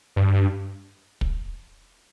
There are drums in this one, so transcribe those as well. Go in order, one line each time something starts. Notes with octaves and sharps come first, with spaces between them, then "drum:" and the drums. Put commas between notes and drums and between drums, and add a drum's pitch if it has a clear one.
G2
drum: kick